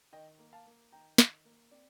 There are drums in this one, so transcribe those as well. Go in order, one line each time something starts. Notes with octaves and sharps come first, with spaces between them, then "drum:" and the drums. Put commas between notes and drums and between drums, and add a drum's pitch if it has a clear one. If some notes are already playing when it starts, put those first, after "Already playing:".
D#3 D#5 G5
A#3
F5 A5
A#3
D#3 G5 A#5
D#3, drum: snare
A#3
C4 D5